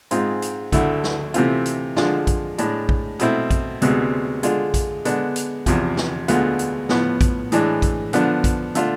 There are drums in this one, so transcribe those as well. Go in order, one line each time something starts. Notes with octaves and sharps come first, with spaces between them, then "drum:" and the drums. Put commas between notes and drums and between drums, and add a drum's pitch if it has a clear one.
G#2 G#3 C4 F4, drum: hi-hat
drum: hi-hat
D2 D3 A3 E4, drum: kick A#1, hi-hat
drum: snare
C3 E3 A3 C4 F4, drum: hi-hat
drum: hi-hat
D3 F3 G#3 D4 F4, drum: snare
drum: kick A#1, hi-hat
A2 G#3 D4, drum: hi-hat
drum: kick A#1
B2 A3 C4 E4, drum: hi-hat
drum: kick A#1, hi-hat
D2 C3 G#3 B3, drum: hi-hat
D3 G#3 D4 F4, drum: hi-hat
drum: kick A#1, hi-hat
D3 G#3 B3 D4, drum: hi-hat
drum: hi-hat
E2 C3 F3, drum: kick A#1, hi-hat
drum: snare
D2 D3 G#3 B3 F4, drum: hi-hat
drum: hi-hat
A2 F3 B3, drum: snare
drum: kick A#1, hi-hat
A2 E3 G#3 D4, drum: hi-hat
drum: kick A#1, hi-hat
D3 F3 B3 D4, drum: hi-hat
drum: kick A#1, hi-hat
D3 A3 D4 F4, drum: hi-hat